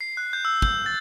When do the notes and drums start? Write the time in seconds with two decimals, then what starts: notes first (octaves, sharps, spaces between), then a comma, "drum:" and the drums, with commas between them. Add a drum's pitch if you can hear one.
0.01 C7
0.17 F#6
0.33 G6
0.45 E6
0.62 G6, drum: kick
0.86 A6